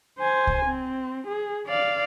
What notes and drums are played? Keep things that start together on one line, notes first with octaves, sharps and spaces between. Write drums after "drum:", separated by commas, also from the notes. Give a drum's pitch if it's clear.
C5 G#5
drum: kick C2
C4
G#4
D5 F5